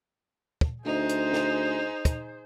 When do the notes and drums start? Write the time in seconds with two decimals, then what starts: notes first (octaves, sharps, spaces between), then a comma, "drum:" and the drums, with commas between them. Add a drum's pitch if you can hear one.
0.61 drum: kick
0.85 D2 D#4 G#4 C5
1.09 drum: hi-hat
1.33 drum: snare
2.05 drum: kick, hi-hat